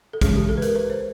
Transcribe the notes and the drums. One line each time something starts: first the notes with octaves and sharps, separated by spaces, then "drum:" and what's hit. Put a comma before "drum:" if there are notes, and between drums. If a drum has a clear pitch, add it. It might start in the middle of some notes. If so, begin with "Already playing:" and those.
A4
E3 G#3 C#4 G#4, drum: kick, hi-hat
G4
A4
B4
A#4, drum: hi-hat
B4
C5